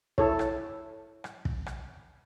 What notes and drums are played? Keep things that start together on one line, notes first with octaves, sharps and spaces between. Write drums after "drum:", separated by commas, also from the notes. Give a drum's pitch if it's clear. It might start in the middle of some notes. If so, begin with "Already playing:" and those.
E4 A4 C#5, drum: kick
drum: rim click
drum: rim click
drum: kick
drum: rim click